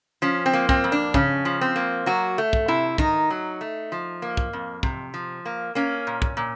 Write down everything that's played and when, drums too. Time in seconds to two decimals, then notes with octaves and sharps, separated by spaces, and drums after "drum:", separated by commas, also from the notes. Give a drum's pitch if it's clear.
0.22 F3 C#4
0.46 C4
0.53 A#3
0.69 C4, drum: kick
0.84 F2
0.92 D4
1.14 C#3 C#4, drum: kick
1.45 F3
1.61 C4
1.76 A#3
2.06 F#3 F#4
2.38 A3
2.53 drum: kick
2.68 C3 E4
2.98 D#3 D#4, drum: kick
3.30 F#3
3.61 A3
3.92 F3
4.22 A#3
4.37 drum: kick
4.53 F2
4.83 C3, drum: kick
5.14 F3
5.46 A#3
5.75 A#3 C#4
6.07 A#2
6.22 drum: kick
6.37 A#2